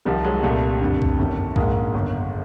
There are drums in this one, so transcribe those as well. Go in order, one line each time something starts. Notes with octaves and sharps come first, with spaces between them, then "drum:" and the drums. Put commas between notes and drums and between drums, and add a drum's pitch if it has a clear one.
C2 C3 D#3 F3 G3
F#3 G#3
C2 A#2 G3 A3
F#1 F2 D3
drum: kick C2
G1 F#2 D#3
A#1 G#2 D#3 G#3 A#3, drum: kick C2
G1 F#2 C#3